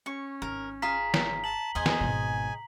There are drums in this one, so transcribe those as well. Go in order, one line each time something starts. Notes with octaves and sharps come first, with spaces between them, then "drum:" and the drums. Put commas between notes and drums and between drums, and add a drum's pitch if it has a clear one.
C#4 C#6
G#1 A#4
F4 G#4 F5 A#5 B6
drum: snare
A5 F#7
E2 G#4 C5 D#5 G#5
drum: snare
G#1 B2